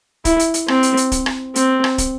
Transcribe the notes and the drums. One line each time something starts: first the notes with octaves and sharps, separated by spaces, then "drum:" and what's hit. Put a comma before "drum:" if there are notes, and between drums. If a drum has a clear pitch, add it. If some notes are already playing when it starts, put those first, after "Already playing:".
E4, drum: kick, hi-hat
drum: hi-hat
drum: hi-hat
C4, drum: rim click
drum: hi-hat
drum: hi-hat
drum: kick, hi-hat
drum: rim click
C4, drum: hi-hat
drum: rim click
drum: kick, hi-hat